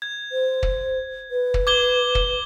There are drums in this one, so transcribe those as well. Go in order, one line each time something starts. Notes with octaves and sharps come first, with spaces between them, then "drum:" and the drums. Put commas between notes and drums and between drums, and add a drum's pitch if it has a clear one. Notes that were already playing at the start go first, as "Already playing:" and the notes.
G#6
C5
drum: kick
B4
drum: kick
D6 G#6 G7
drum: kick